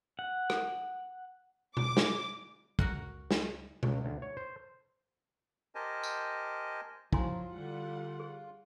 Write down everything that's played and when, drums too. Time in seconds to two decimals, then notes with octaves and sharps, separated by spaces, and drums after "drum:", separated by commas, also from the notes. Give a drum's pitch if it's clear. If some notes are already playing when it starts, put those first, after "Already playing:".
0.19 F#5
0.50 drum: rim click
1.77 D6, drum: tom B2
1.97 drum: snare
2.79 C#2 F#4 A#4 F#5, drum: kick
3.31 drum: snare
3.83 C#2, drum: tom B2
4.05 D2
4.22 C#5
4.37 C5
5.75 G4 A#4 C5 D#5 G#5 A5
6.03 drum: tambourine
7.13 F3 F#3 E4 F4 G#5 C6, drum: kick
7.52 D3 G3 F#5
8.20 G#4